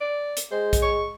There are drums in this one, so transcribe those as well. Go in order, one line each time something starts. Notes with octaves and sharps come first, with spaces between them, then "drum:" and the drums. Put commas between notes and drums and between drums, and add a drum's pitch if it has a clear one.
D5
drum: hi-hat
G#3 C5
drum: kick B1, hi-hat
C#6